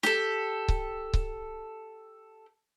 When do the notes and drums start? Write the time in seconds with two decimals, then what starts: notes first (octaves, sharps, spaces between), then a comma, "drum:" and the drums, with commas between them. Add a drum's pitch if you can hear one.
0.03 G4 A4, drum: snare
0.68 drum: kick C#1
1.14 drum: kick C#1